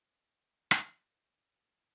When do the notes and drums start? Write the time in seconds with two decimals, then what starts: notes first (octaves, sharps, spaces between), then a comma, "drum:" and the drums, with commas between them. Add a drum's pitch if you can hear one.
0.19 G1 F2 C3 D#3 G#4
0.71 drum: rim click
0.97 C5